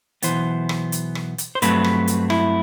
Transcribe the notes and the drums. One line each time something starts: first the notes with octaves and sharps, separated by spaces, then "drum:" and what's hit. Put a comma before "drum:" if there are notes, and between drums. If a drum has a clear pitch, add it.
A2 E3 B3 C5, drum: hi-hat
B1
drum: rim click
drum: hi-hat
drum: rim click
drum: hi-hat
C5
G2 F#3 A3 C4 B4, drum: hi-hat
drum: rim click
drum: hi-hat
E4, drum: rim click